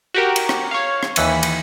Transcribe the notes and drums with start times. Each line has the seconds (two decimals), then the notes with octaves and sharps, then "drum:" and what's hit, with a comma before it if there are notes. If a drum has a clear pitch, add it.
0.14 F#4 G4 A#4
0.36 drum: cymbal
0.49 drum: rim click
0.71 C#5 F5
1.03 drum: rim click
1.16 D#2 E3 B6, drum: cymbal
1.43 drum: cymbal